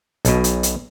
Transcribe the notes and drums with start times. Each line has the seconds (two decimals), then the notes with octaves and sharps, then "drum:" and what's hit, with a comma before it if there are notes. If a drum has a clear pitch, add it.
0.25 B1 B2, drum: hi-hat
0.44 drum: hi-hat
0.63 drum: hi-hat